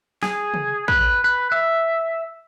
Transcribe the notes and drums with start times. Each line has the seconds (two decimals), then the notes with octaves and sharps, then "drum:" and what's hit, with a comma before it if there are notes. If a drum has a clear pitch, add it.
0.23 G#4, drum: snare
0.54 drum: tom
0.88 B4, drum: kick
1.24 B4
1.52 E5